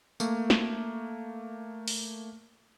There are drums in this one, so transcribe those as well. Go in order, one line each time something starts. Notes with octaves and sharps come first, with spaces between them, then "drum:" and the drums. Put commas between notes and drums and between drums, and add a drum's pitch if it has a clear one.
A3 A#3, drum: tambourine
drum: snare
drum: open hi-hat